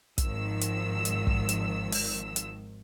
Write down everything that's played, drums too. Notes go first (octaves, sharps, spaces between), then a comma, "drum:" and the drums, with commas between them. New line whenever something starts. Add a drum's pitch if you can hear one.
G#1 D#3 F3 E6, drum: kick, hi-hat
drum: hi-hat
drum: hi-hat
drum: kick
drum: hi-hat
drum: open hi-hat
drum: hi-hat